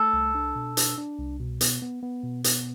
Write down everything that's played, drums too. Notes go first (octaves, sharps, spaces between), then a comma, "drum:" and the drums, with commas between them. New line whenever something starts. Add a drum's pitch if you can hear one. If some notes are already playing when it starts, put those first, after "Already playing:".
Already playing: A3 A4
C2
D4
B2
D4, drum: hi-hat
D4
C2
B2
B3, drum: hi-hat
B3
B3
B2
B3, drum: hi-hat